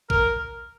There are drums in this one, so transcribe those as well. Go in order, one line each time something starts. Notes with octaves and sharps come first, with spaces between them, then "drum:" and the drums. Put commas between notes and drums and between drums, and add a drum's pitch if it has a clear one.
A#4, drum: kick A#1